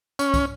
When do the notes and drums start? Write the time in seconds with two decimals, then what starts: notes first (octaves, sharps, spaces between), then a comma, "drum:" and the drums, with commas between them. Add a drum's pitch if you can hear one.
0.19 C#4, drum: tambourine
0.34 drum: kick, tambourine